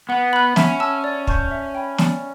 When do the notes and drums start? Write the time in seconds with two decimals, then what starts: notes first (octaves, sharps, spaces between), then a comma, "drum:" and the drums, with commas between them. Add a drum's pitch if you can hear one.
0.09 B3 F#5
0.33 B5 F#6
0.56 C#4 E5, drum: snare
0.80 A5 E6
1.04 D5
1.27 A5 C#6 G6, drum: kick
1.51 E5
1.75 G5 B5
1.98 D5, drum: snare